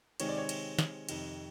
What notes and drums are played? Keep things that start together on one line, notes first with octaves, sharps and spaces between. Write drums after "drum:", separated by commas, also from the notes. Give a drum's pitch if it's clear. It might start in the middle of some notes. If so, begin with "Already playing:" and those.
C3 D#3 G#3 C4 C#5, drum: cymbal
D5
C#5
drum: cymbal
drum: snare
F2 C3 D#3, drum: cymbal